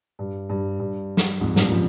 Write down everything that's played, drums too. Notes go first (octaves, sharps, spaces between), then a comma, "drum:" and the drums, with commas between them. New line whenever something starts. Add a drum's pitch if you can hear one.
G2
G2
G2
drum: snare
F2 G#2
G2 A#2, drum: snare
C#3 F3